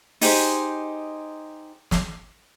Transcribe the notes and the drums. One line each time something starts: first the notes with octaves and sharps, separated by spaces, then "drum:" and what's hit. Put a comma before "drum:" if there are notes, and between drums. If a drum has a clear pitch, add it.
D#4 G4 G#4 C5, drum: open hi-hat
drum: snare